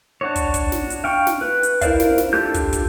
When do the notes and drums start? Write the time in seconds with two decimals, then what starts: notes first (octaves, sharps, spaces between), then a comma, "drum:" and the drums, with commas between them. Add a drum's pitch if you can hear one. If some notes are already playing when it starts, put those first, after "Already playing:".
0.21 D4 F#4 C#5
0.36 drum: kick, hi-hat
0.54 drum: kick, hi-hat
0.72 drum: snare
0.90 drum: hi-hat
1.04 F5 G5 C#6
1.27 drum: snare
1.41 B4
1.63 drum: hi-hat
1.81 E4 A#4 C5 D5 F5, drum: kick, hi-hat
2.00 drum: snare
2.18 drum: snare
2.33 D4 F4 G4 A4 G6
2.54 drum: kick, hi-hat
2.73 drum: kick, hi-hat